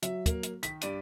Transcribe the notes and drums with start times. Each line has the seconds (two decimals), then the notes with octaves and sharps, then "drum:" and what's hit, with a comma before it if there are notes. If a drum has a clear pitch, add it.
0.02 F#3 E5, drum: hi-hat
0.26 A#3, drum: kick, hi-hat
0.43 drum: hi-hat
0.63 D#3 B6, drum: hi-hat
0.81 G2 D5 D#7, drum: hi-hat